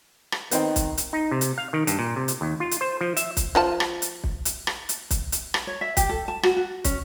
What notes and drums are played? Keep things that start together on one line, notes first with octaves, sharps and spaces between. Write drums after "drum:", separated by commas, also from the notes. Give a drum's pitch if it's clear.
drum: rim click
D#3 B3 C4 D#4, drum: hi-hat
drum: kick, hi-hat
drum: hi-hat
D#4
C3
drum: hi-hat
F5
D#3
G2, drum: hi-hat
A#2
C3
drum: hi-hat
D#2
F4
drum: hi-hat
C5
F3
E5, drum: hi-hat
drum: kick, hi-hat
F3 F4 A5
drum: rim click
drum: hi-hat
drum: kick
drum: hi-hat
drum: rim click
drum: hi-hat
drum: kick, hi-hat
drum: hi-hat
drum: rim click
C#5
E5
G4, drum: kick, hi-hat
A4
A5
F#4, drum: rim click
F#4
C#4, drum: kick, hi-hat